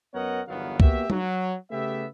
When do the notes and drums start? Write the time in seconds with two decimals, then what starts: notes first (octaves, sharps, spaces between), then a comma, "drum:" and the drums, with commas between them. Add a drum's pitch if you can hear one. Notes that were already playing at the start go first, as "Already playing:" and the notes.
0.14 F#2 B3 A#4 C#5 D#5 F#5
0.48 G1 E2 D#3 F#3 B3 F5
0.80 A#3 B3 F#4 G4 E5, drum: kick
1.10 F#3, drum: tom F#3
1.71 C#3 A3 B3 G4 E5